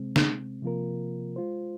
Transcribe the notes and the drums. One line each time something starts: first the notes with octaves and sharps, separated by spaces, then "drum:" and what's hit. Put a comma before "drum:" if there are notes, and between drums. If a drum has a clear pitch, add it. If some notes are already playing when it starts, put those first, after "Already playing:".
Already playing: C3 G#3 C4
drum: snare
C3 F3 A#3 F4 A#4
G#3 F4 C5